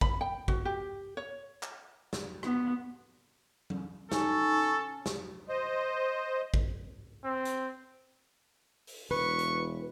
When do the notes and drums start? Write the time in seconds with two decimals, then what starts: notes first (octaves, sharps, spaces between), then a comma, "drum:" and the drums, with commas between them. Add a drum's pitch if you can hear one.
0.01 B5, drum: kick
0.21 G5
0.48 F#4, drum: kick
0.65 G4
1.17 C#5
1.63 drum: clap
2.13 drum: snare
2.43 B3, drum: rim click
3.70 drum: tom F#3
4.12 C#4 D#4 A4 C#6, drum: snare
5.06 drum: snare
5.49 C5 D#5
6.54 drum: kick
7.24 C4
7.45 drum: hi-hat
8.87 drum: open hi-hat
9.11 E1 B4 C#6
9.39 drum: hi-hat